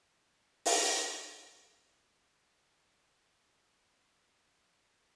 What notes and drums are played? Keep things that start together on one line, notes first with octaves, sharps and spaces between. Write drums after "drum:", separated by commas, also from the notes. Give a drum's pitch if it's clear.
F4
drum: open hi-hat
C#4
C4
C4
C4
C4
F4